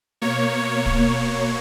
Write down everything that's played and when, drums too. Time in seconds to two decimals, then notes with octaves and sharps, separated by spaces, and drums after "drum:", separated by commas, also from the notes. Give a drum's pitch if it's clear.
0.21 B2 A#3 C#5
0.86 C#5, drum: kick